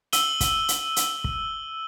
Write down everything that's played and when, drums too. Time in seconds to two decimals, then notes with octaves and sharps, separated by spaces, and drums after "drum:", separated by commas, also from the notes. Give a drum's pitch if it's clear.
0.13 E6 D#7 G7, drum: hi-hat
0.41 drum: kick, hi-hat
0.68 drum: hi-hat
0.96 drum: hi-hat
1.24 drum: kick